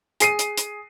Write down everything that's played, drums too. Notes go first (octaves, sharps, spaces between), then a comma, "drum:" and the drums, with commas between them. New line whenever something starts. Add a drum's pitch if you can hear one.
G#4 C7 D#7, drum: hi-hat
drum: hi-hat
drum: hi-hat